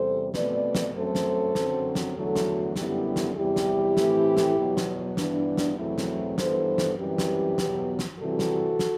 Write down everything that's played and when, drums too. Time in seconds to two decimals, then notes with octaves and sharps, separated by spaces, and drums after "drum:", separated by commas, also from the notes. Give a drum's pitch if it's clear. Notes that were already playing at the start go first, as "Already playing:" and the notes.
Already playing: E2 C3 G3 A4 C5
0.34 B2 A3 C4 B4 D5, drum: snare
0.75 drum: snare
0.95 F#2 F#3 A3 C4 A4 C5
1.15 drum: snare
1.55 F#2 D3 F#3 C4, drum: snare
1.95 drum: snare
2.16 E2 D3 F#3 A3 F#4 A4
2.36 drum: snare
2.76 F#2 D3 G3 B3 E4 G4, drum: snare
3.16 drum: snare
3.36 E2 C3 G3 E4 G4
3.56 drum: snare
3.97 A2 E3 A3 C4, drum: snare
4.37 drum: snare
4.57 E2 B2 F#3 B3
4.77 drum: snare
5.17 G2 E3 B3 D4, drum: snare
5.57 drum: snare
5.77 E2 B2 F#3 A3 C4 E4
5.98 drum: snare
6.38 G2 E3 B3 A4 C5, drum: snare
6.78 drum: snare
6.98 F#2 E3 G3 C4 G4 B4
7.18 drum: snare
7.58 E2 B2 F#3 B3, drum: snare
7.99 drum: snare
8.19 C3 E3 G3 C4 F#4 A4
8.39 drum: snare
8.79 drum: snare